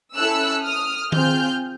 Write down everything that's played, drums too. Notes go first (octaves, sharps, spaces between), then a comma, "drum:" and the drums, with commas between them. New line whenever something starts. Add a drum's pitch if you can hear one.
C#4 E4 A4 E6 F#6
D#6 F6
C4 F4 G#4 F6 G6, drum: tom D#3